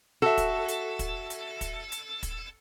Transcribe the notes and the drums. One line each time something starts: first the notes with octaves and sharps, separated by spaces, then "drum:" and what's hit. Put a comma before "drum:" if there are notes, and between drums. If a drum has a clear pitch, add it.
F#4 A4 E5
drum: kick, hi-hat
drum: hi-hat
drum: kick, hi-hat
drum: hi-hat
drum: kick, hi-hat
drum: hi-hat
drum: kick, hi-hat